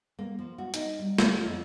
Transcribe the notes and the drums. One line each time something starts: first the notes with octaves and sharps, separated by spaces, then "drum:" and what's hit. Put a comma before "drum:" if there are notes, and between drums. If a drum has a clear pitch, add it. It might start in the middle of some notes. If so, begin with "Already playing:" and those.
A#3
F3
F#4
D#4, drum: hi-hat
G3
F3, drum: snare
A#3
F2